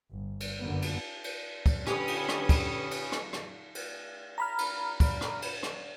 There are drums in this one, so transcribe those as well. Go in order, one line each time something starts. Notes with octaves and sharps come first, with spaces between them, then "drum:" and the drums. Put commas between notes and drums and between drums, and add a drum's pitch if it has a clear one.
G1
drum: cymbal
F#2 D3 A#3 B3
drum: cymbal
drum: cymbal
drum: kick, cymbal
D3 C#4 G4 B4 D#6, drum: rim click
drum: cymbal
drum: rim click
drum: kick, cymbal
drum: cymbal
drum: rim click
drum: rim click
drum: cymbal
A#5 B5 F6
drum: cymbal
drum: kick, cymbal
drum: rim click
drum: cymbal
drum: rim click